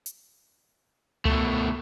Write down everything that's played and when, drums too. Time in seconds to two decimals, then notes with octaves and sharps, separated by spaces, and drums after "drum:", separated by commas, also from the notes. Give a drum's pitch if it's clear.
0.06 drum: hi-hat
1.25 B2 A3, drum: tom C#2